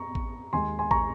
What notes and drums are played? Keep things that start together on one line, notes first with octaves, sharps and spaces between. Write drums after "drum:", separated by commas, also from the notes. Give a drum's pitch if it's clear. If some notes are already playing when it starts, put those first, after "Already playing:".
Already playing: A#5 C#6
drum: kick A1
D#2 D#3 G#3 G#5 C6
G#5 C6
A#5 C#6, drum: kick A1